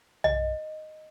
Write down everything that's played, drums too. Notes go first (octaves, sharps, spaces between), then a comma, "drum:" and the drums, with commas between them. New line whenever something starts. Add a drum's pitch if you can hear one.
D#5, drum: tom B1